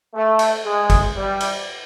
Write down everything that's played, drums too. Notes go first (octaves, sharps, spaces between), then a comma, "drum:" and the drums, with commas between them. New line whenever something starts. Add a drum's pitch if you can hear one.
A3
drum: cymbal
G#3
drum: kick, cymbal
G3
drum: cymbal